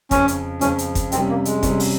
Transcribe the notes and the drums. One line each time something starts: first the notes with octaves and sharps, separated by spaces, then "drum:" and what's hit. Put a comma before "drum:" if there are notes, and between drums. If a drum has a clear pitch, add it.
F2 C#3 F3 C#4, drum: kick, hi-hat
drum: hi-hat
F2 C#3 F3 C#4, drum: hi-hat
drum: hi-hat
drum: kick, hi-hat
C3 G3 C4 C#4, drum: hi-hat
A#3
G#3, drum: hi-hat
C3 G3 C#4, drum: kick, hi-hat
drum: open hi-hat